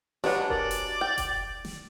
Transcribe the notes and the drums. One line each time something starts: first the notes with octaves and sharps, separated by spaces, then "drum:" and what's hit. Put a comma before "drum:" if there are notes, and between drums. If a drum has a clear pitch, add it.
F#3 G#3 D4 G4 B4 D5, drum: snare
A#4 D5, drum: kick F1
drum: hi-hat
G5
drum: kick F1, hi-hat
drum: snare